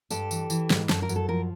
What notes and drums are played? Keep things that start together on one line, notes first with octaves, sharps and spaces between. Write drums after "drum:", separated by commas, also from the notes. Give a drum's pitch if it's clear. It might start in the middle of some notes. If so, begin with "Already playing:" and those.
G2 G4 A4, drum: tambourine
E3, drum: tambourine
E3, drum: tambourine
G#2, drum: snare
F#2 A4, drum: snare
A#4
F#2, drum: tambourine
A4
F3 A#4